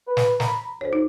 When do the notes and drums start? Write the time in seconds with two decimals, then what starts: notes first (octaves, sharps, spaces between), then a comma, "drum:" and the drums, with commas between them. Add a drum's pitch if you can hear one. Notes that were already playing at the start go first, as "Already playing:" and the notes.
0.07 B4
0.17 drum: snare
0.40 A#5 B5, drum: snare
0.81 D2 C5 C#5
0.93 D#4